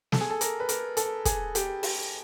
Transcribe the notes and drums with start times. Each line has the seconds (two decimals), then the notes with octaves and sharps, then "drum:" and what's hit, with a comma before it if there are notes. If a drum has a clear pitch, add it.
0.12 A4, drum: snare
0.20 G#4
0.30 A4
0.41 A#4, drum: hi-hat
0.60 B4
0.69 A#4, drum: hi-hat
0.97 A4, drum: hi-hat
1.25 G#4, drum: kick, hi-hat
1.55 G4, drum: hi-hat
1.83 drum: open hi-hat